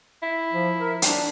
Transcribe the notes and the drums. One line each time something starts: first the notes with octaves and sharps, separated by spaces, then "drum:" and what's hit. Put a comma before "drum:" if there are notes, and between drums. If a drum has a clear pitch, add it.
E4
F3
A#4
D4, drum: hi-hat